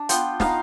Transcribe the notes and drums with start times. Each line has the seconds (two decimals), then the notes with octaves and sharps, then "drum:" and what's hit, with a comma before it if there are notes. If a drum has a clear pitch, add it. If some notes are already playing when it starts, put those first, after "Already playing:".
Already playing: D4 D5
0.09 B3 F4 G5, drum: hi-hat
0.40 B3 D#4 F5, drum: snare